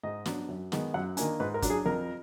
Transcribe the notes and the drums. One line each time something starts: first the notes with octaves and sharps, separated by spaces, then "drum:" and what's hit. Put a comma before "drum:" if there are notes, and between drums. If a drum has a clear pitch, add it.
G#2 D#5
F#3 B3 D4, drum: snare
F#2
D#3 G#3 B3, drum: snare
F#2 F#5
D#3 A#3 D4 G#5, drum: hi-hat
G#2 B4
A#4
F#3 D4, drum: kick, hi-hat
G#4
F2 A#4